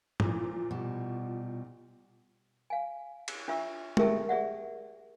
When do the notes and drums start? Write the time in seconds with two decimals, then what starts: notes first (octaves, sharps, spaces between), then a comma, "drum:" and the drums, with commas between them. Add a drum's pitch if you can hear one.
0.20 A#2 E3 F3, drum: tom
0.71 B2 G3
2.70 F5 G#5
3.28 drum: cymbal
3.48 D4 F4 E5 C#6 E6
3.97 G4 G#4 A#4 E5 G5 A5, drum: tom G#3
4.29 G#4 D5 E5 F#5